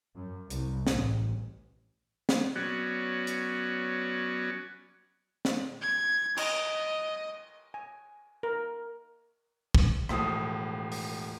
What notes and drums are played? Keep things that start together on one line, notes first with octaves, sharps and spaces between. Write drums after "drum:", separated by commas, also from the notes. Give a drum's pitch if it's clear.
F#2
C2, drum: hi-hat
A1, drum: snare
drum: snare
F#3 B3 C#4 F#4 D5
drum: hi-hat
drum: snare
G#6
D#5, drum: cymbal
G#5
A#4
drum: kick
E1 A2 F3 D#6, drum: rim click
drum: open hi-hat